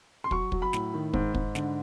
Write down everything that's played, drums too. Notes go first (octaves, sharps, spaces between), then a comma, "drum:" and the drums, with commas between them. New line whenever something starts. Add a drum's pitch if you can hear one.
C6
F#3 C#6, drum: kick
F#3, drum: kick
B5
A2, drum: snare
D#3
G#2, drum: kick
G#2, drum: kick
D3, drum: snare